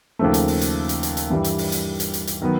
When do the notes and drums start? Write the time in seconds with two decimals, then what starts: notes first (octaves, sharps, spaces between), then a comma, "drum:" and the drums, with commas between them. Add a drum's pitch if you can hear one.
0.19 D#2 C#3 F3 A3
0.34 drum: hi-hat
0.48 drum: open hi-hat
0.61 drum: hi-hat
0.89 drum: hi-hat
1.03 drum: hi-hat
1.17 drum: hi-hat
1.30 G2 E3 G3
1.44 drum: hi-hat
1.58 drum: open hi-hat
1.72 drum: hi-hat
2.00 drum: hi-hat
2.14 drum: hi-hat
2.27 drum: hi-hat
2.42 D#3 F#3 B3